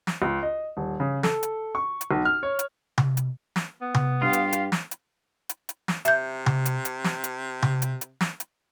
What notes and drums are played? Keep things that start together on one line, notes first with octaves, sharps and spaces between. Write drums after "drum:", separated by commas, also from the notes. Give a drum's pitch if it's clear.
drum: snare
C#2
D#5
D#1
C#3
A4, drum: snare
drum: hi-hat
C#6
drum: hi-hat
B1
F6
C#5
drum: hi-hat
drum: tom C3
drum: hi-hat
drum: snare
B3
drum: tom C3
G2 F4 G4 F5
drum: hi-hat
drum: hi-hat
drum: snare
drum: hi-hat
drum: hi-hat
drum: hi-hat
drum: snare
C3 E5 G6, drum: hi-hat
drum: tom C3
drum: hi-hat
drum: hi-hat
drum: snare
drum: hi-hat
drum: tom C3
drum: hi-hat
drum: hi-hat
drum: snare
drum: hi-hat